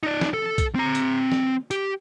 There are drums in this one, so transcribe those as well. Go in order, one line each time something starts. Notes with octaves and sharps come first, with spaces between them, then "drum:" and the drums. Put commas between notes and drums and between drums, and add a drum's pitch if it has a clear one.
D#4 D5
drum: snare
A4
drum: kick, hi-hat
C4 A#5
drum: hi-hat
drum: snare
G4, drum: hi-hat